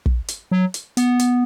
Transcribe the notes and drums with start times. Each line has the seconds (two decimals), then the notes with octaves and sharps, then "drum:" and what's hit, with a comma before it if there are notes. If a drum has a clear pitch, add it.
0.06 drum: kick
0.28 drum: hi-hat
0.52 F#3
0.74 drum: hi-hat
0.97 B3, drum: hi-hat
1.19 drum: hi-hat